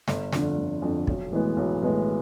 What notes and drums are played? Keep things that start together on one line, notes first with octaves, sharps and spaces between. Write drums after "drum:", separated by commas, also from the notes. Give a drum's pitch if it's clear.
G1, drum: snare
F2 D3, drum: snare
G1
F2 D3
B1, drum: kick
A2 E3 G#3 B3
B1
A2 E3 G#3 B3